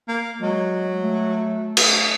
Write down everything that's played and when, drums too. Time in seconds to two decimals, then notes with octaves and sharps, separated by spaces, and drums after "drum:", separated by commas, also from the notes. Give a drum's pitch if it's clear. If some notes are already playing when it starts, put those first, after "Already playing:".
0.08 A#3
0.41 F#3 G#3
0.99 A3
1.77 drum: cymbal